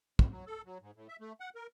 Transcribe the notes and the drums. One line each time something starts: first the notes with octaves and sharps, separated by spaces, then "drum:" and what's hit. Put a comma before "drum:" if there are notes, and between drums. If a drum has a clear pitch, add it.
F2, drum: kick
F#3
A4
F#3
G#2
A2
E5
A3
F#5
A#4